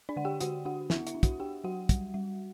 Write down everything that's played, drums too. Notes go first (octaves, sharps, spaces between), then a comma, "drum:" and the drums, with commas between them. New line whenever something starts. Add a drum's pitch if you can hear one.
D4 D5
D3 F#5
G4 G5
D3 F#4 F#5, drum: hi-hat
D4 F#4 F#5
B3 E4 E5, drum: snare
E4 E5, drum: hi-hat
D4
F#4 F#5, drum: kick, hi-hat
D4 G4 G5
F#3 F#4 F#5
G3, drum: kick, hi-hat
G3